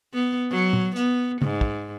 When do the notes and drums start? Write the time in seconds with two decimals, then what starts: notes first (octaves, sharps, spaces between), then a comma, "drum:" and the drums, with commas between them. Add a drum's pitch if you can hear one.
0.14 B3
0.51 F#3
0.73 drum: tom A#2
0.96 B3, drum: hi-hat
1.42 G#2, drum: tom
1.61 drum: kick